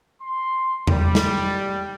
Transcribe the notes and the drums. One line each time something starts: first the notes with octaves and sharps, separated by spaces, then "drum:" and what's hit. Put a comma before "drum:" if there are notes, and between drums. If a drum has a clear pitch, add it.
C6
G3, drum: tom E2
drum: snare